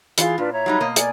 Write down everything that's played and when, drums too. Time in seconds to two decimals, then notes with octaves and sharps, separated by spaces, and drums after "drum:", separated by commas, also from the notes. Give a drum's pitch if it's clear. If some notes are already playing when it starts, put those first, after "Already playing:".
0.18 E3 F4 G#4, drum: hi-hat
0.38 A#2 D4 F4 B4
0.53 C#5 E5 A#5
0.66 F#3 G3 D#4
0.80 B2 A#3 D#5
0.96 D5 G#5, drum: hi-hat